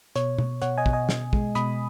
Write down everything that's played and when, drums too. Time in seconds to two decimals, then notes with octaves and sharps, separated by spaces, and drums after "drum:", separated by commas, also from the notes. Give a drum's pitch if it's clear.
0.16 B2 C#5, drum: hi-hat
0.38 B2, drum: tom
0.62 B2 C#5 F#5, drum: hi-hat
0.78 D#5 G#5
0.86 B2, drum: kick
0.93 D#5 G#5
1.09 B2, drum: snare
1.33 G#3, drum: kick
1.55 B2 B5 D#6, drum: hi-hat